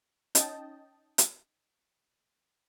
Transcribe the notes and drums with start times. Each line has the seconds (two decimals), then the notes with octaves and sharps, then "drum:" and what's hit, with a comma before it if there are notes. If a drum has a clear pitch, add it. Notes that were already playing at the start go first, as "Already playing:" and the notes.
0.35 C#4 D#4 D#5 G5 A5, drum: hi-hat
1.18 drum: hi-hat